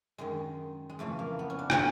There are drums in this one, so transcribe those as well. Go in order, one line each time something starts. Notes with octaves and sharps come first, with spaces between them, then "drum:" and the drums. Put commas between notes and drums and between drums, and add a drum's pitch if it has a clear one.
F#2 D#3 G#3
G#3
F2 C#3 E3 A3
A#3
B3
C#4
D4
C#4, drum: rim click